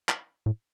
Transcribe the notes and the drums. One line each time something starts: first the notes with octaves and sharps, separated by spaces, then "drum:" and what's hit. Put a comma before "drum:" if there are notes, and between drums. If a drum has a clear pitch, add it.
drum: clap
A2